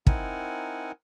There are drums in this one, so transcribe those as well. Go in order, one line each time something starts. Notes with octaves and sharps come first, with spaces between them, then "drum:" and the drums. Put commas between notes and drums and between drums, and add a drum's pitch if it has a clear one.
C4 D#4 E4 A#4 F#5 G#5, drum: kick